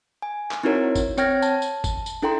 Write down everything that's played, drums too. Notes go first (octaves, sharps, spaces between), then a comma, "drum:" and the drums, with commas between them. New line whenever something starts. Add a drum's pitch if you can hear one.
G#5
drum: clap
C4 D#4 E4 F#4 A#4 C#5
drum: kick, tambourine
C4 C#5 G5 F6 G#6 A#6, drum: tambourine
A5, drum: tambourine
drum: tambourine
drum: kick, tambourine
drum: tambourine
D4 E4 A4 G5 A#5 C6